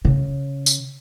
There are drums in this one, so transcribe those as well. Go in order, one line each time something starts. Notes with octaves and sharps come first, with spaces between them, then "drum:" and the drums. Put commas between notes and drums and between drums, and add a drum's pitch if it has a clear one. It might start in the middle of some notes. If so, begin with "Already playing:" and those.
C#3
drum: tambourine